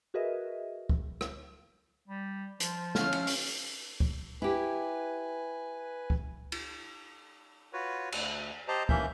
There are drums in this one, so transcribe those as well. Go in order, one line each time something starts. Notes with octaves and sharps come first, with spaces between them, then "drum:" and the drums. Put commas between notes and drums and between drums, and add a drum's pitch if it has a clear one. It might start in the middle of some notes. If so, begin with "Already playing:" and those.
F#4 G#4 A#4 B4 D#5 E5
drum: kick C#2
drum: rim click
G3
F3 C5, drum: hi-hat
C#4 F5 F6, drum: snare
drum: cymbal
drum: open hi-hat
drum: kick C#2
E4 G4 B4 G#5
drum: kick C#2
drum: cymbal
F4 F#4 B4 C#5
D2, drum: cymbal
G4 C5 D#5 A5 A#5
D#2 E3 A#3 C#4 E5 G6, drum: kick C#2